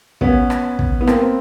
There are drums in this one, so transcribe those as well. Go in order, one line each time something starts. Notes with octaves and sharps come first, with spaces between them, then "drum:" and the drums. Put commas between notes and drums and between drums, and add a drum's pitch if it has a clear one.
B3 C#4, drum: kick
drum: rim click
drum: kick
B3
A#3 C4, drum: rim click